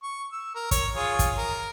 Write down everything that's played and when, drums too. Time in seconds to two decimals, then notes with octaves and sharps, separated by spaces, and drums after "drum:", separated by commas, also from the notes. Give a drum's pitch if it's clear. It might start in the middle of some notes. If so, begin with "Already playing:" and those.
0.03 C#6
0.32 E6
0.55 A#4
0.71 C#5, drum: kick, hi-hat
0.96 F4 G#4 C#5
1.19 drum: kick, hi-hat
1.38 A#4